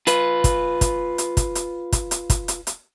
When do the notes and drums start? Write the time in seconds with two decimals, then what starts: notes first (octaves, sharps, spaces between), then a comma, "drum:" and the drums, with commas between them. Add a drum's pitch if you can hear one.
0.07 F4 B4, drum: hi-hat
0.44 drum: kick, hi-hat
0.81 drum: kick, hi-hat
1.18 drum: hi-hat
1.37 drum: kick, hi-hat
1.55 drum: hi-hat
1.92 drum: kick, hi-hat
2.11 drum: hi-hat
2.30 drum: kick, hi-hat
2.48 drum: hi-hat
2.67 drum: hi-hat